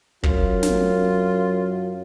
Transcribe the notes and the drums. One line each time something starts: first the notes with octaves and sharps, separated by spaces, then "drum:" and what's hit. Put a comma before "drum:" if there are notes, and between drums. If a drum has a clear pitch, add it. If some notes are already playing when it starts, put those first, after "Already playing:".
F#2 F4, drum: kick
drum: snare